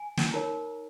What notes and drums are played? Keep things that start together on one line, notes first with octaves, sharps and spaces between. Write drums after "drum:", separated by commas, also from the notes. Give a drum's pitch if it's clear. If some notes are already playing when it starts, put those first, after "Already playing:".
Already playing: G#5
drum: snare
D#4 A#4 C#5 A#5